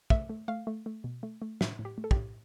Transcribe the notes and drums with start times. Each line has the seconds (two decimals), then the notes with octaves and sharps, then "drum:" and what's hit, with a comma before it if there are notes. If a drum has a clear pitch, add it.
0.10 A3 E5, drum: kick
0.29 A3
0.48 A3 F5
0.67 A3
0.86 A3
1.04 B2
1.23 A3
1.42 A3
1.61 A2 E5, drum: snare
1.79 A2
1.85 G4
1.98 A3
2.04 A4
2.11 G4, drum: kick
2.17 A2